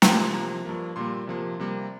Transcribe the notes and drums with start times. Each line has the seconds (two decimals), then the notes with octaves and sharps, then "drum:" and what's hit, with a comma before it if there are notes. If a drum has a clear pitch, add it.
0.02 C3 F3 A#3 C6, drum: snare
0.18 C6
0.33 C3 F3 A#3 A#5
0.65 G2 F3 A#3
0.96 A#2 G3 A#3 C6
1.27 C3 F3 A#3
1.60 C3 G3 A#3